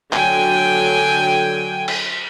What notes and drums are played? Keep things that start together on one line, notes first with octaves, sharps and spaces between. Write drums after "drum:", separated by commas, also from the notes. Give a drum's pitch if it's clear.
D3 F#3 G5 G#5, drum: clap
drum: cymbal